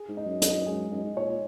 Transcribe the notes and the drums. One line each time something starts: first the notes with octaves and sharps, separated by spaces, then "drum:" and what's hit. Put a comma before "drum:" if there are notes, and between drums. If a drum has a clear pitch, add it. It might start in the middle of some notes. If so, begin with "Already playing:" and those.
Already playing: G#4
G#2
D#4
F#2
D#4, drum: hi-hat
G#3
F#2 D#4
G#2
A#2 C#5
A#2